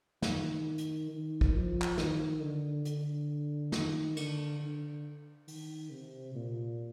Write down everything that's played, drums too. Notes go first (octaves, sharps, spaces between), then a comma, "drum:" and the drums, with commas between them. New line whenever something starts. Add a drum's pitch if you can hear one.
D#3, drum: snare
drum: hi-hat
D#3
drum: kick
F3
drum: clap
D#3, drum: snare
D3
D3, drum: hi-hat
D#3, drum: snare
D3, drum: cymbal
D3
D#3, drum: open hi-hat
C3
A#2